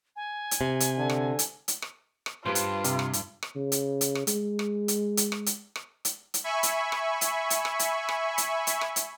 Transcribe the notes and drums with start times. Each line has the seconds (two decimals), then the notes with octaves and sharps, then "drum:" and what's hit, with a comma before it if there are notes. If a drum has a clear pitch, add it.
0.16 G#5
0.51 drum: hi-hat
0.61 C3
0.80 drum: hi-hat
0.98 D3
1.10 drum: rim click
1.39 drum: hi-hat
1.68 drum: hi-hat
1.82 drum: rim click
2.26 drum: rim click
2.46 G2 F4 G4 B4 C5
2.55 drum: hi-hat
2.84 C3, drum: hi-hat
2.99 drum: rim click
3.13 drum: hi-hat
3.43 drum: rim click
3.56 C#3
3.72 drum: hi-hat
4.01 drum: hi-hat
4.15 drum: rim click
4.27 G#3, drum: hi-hat
4.59 drum: rim click
4.88 drum: hi-hat
5.17 drum: hi-hat
5.32 drum: rim click
5.46 drum: hi-hat
5.76 drum: rim click
6.05 drum: hi-hat
6.34 drum: hi-hat
6.44 E5 G#5 B5 C#6
6.63 drum: hi-hat
6.92 drum: rim click
7.21 drum: hi-hat
7.50 drum: hi-hat
7.65 drum: rim click
7.79 drum: hi-hat
8.09 drum: rim click
8.38 drum: hi-hat
8.67 drum: hi-hat
8.81 drum: rim click
8.96 drum: hi-hat